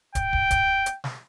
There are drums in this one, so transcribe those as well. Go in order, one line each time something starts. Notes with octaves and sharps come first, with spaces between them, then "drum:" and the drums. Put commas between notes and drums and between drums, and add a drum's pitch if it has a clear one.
G5, drum: kick, hi-hat
drum: kick
drum: kick, hi-hat
drum: hi-hat
drum: snare